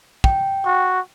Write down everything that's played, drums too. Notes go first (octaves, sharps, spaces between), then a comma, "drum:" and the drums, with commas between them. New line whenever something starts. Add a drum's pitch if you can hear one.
G5, drum: kick
F#4